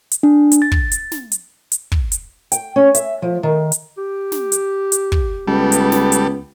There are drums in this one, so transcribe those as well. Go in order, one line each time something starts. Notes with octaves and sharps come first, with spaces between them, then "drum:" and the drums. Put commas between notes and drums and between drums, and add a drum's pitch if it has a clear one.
drum: hi-hat
D4
drum: hi-hat
A6
drum: kick
drum: hi-hat
drum: snare
drum: hi-hat
drum: hi-hat
drum: kick
drum: hi-hat
G5, drum: hi-hat
C#4
E5, drum: hi-hat
F3
D#3
drum: hi-hat
G4
drum: snare
drum: hi-hat
drum: hi-hat
drum: kick
C#2 G3 B3 A4
drum: hi-hat
drum: snare
drum: hi-hat